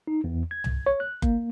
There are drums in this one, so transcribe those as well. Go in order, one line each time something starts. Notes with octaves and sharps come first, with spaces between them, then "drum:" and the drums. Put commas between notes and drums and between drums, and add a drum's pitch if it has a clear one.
D#4
E2
G#6
drum: tom C2
C#5
F#6
A#3, drum: kick F#1